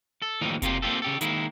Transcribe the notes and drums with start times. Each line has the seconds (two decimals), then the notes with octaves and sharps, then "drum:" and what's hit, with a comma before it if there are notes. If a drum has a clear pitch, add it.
0.22 A4
0.41 D#2 A2 E3 F3 G3 D#4
0.62 C3 A#3 F4 G4, drum: kick F1, hi-hat
0.82 A#3 C4 D#4 F4 G4 A4
1.02 C#3 G4 A4
1.21 D#3 G#3 A#3 E4, drum: hi-hat